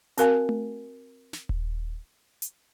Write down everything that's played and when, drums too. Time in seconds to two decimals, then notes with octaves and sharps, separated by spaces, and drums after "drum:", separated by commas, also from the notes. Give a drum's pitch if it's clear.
0.18 C4 F#4 A#4 F5 G#5, drum: hi-hat
0.49 drum: tom A3
1.33 drum: snare
1.49 drum: kick D#1
2.42 drum: hi-hat